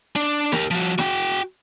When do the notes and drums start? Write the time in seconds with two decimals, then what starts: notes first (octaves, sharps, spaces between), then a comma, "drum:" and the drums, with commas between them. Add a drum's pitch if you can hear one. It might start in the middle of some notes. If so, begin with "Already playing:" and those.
0.16 D4
0.52 G4 A#4, drum: snare
0.71 F3 F#4
0.98 F#4 G5, drum: snare